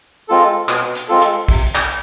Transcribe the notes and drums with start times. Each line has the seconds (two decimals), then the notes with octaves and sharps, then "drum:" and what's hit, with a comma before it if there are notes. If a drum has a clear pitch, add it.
0.29 G#3 C4 F4 A4
0.69 B2, drum: clap
0.95 drum: hi-hat
1.09 G#3 C4 F4 A4
1.22 drum: hi-hat
1.48 C3, drum: kick A#1, open hi-hat
1.75 drum: clap